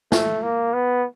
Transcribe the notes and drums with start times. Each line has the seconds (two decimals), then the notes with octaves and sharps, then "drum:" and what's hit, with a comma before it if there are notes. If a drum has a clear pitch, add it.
0.12 A3, drum: snare
0.43 A#3
0.73 B3